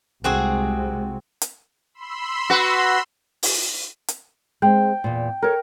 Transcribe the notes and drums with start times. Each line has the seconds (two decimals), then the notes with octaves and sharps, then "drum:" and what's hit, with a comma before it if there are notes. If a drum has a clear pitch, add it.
0.24 C2 C3 G#3 C4 F#4 G#4
1.41 drum: hi-hat
1.94 B5 C6 E6
2.50 F#4 B4
3.43 drum: open hi-hat
4.08 drum: hi-hat
4.62 G#3 C4 G5
5.04 E2 A#2
5.42 A4 A#4 C#5